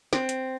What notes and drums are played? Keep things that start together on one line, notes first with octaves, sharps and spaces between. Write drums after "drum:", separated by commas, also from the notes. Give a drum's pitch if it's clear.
C4, drum: snare
drum: hi-hat